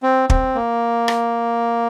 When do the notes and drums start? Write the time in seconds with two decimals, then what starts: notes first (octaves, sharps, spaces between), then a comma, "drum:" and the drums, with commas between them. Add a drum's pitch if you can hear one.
0.03 C4
0.30 C4, drum: kick
0.55 A#3
1.08 drum: rim click